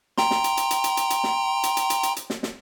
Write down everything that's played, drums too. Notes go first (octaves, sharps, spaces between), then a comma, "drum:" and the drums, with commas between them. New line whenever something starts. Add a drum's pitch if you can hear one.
G5 A#5 C6, drum: snare
drum: snare
drum: hi-hat
drum: hi-hat
drum: hi-hat
drum: hi-hat
drum: hi-hat
drum: hi-hat
drum: snare
drum: hi-hat
drum: hi-hat
drum: hi-hat
drum: hi-hat
drum: hi-hat
drum: snare
drum: snare